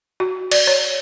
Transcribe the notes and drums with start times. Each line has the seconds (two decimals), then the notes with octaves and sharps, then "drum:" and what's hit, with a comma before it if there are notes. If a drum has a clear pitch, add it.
0.20 F#4
0.51 D5, drum: cymbal
0.67 C#5